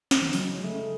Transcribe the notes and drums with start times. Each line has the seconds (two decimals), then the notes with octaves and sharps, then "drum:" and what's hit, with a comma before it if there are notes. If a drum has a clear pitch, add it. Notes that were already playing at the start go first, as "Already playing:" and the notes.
0.11 D#4, drum: snare
0.22 E3
0.27 C#3
0.33 F#3, drum: open hi-hat
0.43 C#3
0.54 F#3 G#3
0.64 A3
0.74 D#4